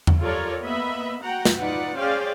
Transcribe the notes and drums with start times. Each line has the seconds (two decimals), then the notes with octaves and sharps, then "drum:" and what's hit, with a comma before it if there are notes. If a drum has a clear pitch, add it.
0.07 drum: tom E2
0.19 F4 G4 A4 A#4 C#5 D5
0.63 A#3 B3 D#5 E5 B5
1.23 F#4 F#5 G5 A#5
1.45 drum: snare
1.58 D#4 F4 B4 D5 F#5
1.97 C#4 G#4 C5 D5 F5 G5